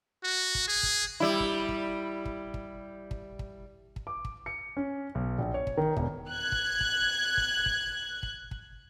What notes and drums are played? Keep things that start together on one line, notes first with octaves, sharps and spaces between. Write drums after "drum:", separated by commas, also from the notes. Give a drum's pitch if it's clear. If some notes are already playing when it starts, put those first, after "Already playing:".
F#4
drum: kick
G#4
drum: kick
G3 E4
drum: kick
drum: kick
drum: kick
drum: kick
drum: kick
drum: kick
drum: kick
D6
drum: kick
C#7
C#4
B1
A#1
C#5
drum: kick
D#3
E1, drum: kick
F#6 G#6
drum: kick
drum: kick
drum: kick
drum: kick
drum: kick
drum: kick